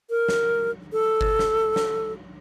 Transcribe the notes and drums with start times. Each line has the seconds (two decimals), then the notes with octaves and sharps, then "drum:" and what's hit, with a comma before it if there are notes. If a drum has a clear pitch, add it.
0.10 A#4
0.28 drum: snare
0.92 A4
1.21 drum: kick G1
1.39 drum: snare
1.76 drum: snare